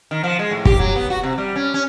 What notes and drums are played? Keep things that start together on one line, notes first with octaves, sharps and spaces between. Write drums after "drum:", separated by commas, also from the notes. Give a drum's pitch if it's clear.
D#3
F3
G#3
A2
G4, drum: kick
F#3
B3
F#4
C3
G3
C#4
C#4